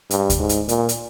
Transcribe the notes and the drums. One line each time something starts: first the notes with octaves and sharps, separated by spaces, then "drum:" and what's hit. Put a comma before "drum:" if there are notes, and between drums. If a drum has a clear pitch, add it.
G2, drum: hi-hat
drum: kick D2, hi-hat
G#2
drum: hi-hat
A#2, drum: hi-hat
drum: hi-hat